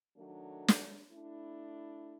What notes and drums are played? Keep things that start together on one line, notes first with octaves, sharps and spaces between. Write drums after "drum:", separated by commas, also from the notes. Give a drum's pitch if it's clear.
D#3 F#3 A3 D4
drum: snare
A3 D4 E4